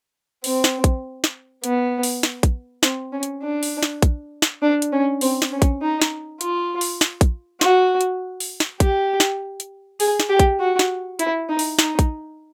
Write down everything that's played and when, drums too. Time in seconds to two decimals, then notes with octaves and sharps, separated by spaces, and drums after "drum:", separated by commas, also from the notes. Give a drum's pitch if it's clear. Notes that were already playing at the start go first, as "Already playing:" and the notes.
0.44 C4, drum: open hi-hat
0.64 drum: snare
0.84 drum: kick, hi-hat
1.24 drum: snare
1.64 B3, drum: hi-hat
2.03 drum: open hi-hat
2.23 drum: snare
2.43 drum: kick, hi-hat
2.83 C4, drum: snare
3.12 C#4
3.23 drum: hi-hat
3.43 D4
3.63 drum: open hi-hat
3.83 drum: snare
4.02 drum: kick, hi-hat
4.42 drum: snare
4.62 D4
4.82 drum: hi-hat
4.92 C#4
5.21 C4, drum: open hi-hat
5.42 drum: snare
5.52 C#4
5.62 drum: kick, hi-hat
5.82 D#4
6.02 drum: snare
6.41 F4, drum: hi-hat
6.81 drum: open hi-hat
7.01 drum: snare
7.21 drum: kick, hi-hat
7.61 F#4, drum: snare
8.01 drum: hi-hat
8.40 drum: open hi-hat
8.60 drum: snare
8.80 G4, drum: kick, hi-hat
9.20 drum: snare
9.60 drum: hi-hat
10.00 G#4, drum: open hi-hat
10.20 drum: snare
10.29 G4
10.39 drum: kick, hi-hat
10.60 F#4
10.79 drum: snare
11.19 E4, drum: hi-hat
11.49 D#4
11.59 drum: open hi-hat
11.79 D#4, drum: snare
11.99 drum: kick, hi-hat